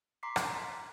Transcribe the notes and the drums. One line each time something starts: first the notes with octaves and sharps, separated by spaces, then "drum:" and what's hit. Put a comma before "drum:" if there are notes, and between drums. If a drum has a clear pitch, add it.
A#5 C6 D6 B6 C7
drum: rim click